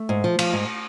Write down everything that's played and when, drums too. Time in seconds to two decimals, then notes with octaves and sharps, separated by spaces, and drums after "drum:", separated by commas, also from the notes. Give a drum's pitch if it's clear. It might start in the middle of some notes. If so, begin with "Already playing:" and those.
Already playing: A3
0.09 G#2
0.24 F3
0.39 F3, drum: cymbal
0.53 G#2